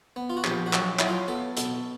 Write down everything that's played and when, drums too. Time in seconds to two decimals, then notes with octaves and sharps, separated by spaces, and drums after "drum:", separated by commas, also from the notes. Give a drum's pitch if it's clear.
0.16 B3
0.30 F4
0.37 F#4
0.44 A#1 G4, drum: clap
0.66 F#4
0.73 F#3, drum: clap
0.99 F#3 E4, drum: clap
1.08 F4
1.28 B3 A4
1.57 B2 A4, drum: hi-hat